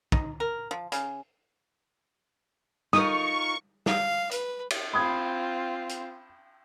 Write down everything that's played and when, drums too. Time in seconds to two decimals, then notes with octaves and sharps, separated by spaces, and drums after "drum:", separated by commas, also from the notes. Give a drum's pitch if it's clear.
0.12 D#4, drum: kick
0.40 A#4
0.71 F3
0.92 C#3, drum: hi-hat
2.93 D#4 F4 A#4 C#6 D#6, drum: snare
3.86 F5, drum: snare
4.31 B4, drum: hi-hat
4.70 drum: cymbal
4.93 C4 F4 B5 D#6 G#6
5.89 drum: hi-hat